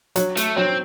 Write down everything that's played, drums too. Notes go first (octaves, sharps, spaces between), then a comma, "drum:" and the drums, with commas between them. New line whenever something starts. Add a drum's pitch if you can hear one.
F#3, drum: hi-hat
A3, drum: hi-hat
F#3 C4